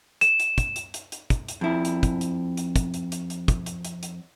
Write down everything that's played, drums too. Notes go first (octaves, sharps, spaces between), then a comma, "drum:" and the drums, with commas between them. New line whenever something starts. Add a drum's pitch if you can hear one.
E7, drum: hi-hat
drum: hi-hat
drum: kick, hi-hat
drum: hi-hat
drum: hi-hat
drum: hi-hat
drum: kick, hi-hat
drum: hi-hat
F2 E4
drum: hi-hat
drum: kick, hi-hat
drum: hi-hat
drum: hi-hat
drum: kick, hi-hat
drum: hi-hat
drum: hi-hat
drum: hi-hat
drum: kick, hi-hat
drum: hi-hat
drum: hi-hat
drum: hi-hat